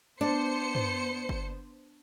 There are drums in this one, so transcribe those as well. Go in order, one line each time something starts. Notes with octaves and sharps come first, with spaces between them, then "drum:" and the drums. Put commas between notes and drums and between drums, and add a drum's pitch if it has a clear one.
B3 D4 C5 C#7
drum: tom
drum: kick G1